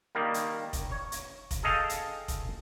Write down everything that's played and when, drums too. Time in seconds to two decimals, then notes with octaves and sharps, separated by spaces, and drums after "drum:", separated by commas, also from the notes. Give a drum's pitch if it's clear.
0.15 D#3 G3 A#3
0.34 drum: hi-hat
0.73 drum: kick F1, hi-hat
0.91 C#5
1.12 drum: hi-hat
1.51 drum: kick F1, hi-hat
1.63 G#4 A4 D#5 F5 G5 A5
1.89 drum: hi-hat
2.28 drum: kick F1, hi-hat